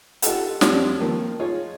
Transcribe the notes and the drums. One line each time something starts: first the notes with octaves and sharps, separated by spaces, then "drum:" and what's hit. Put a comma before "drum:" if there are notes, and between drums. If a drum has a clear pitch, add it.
D#4 F4 G4 A4 F#5, drum: hi-hat
F2 F3 G3 C#5 D5, drum: snare
D#3 F3 A#3
D#4 F4 G#4 C#5